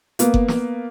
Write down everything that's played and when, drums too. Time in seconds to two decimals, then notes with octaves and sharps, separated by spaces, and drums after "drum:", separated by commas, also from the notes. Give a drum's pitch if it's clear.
0.19 A#3 B3, drum: hi-hat
0.34 drum: kick F#1
0.48 drum: snare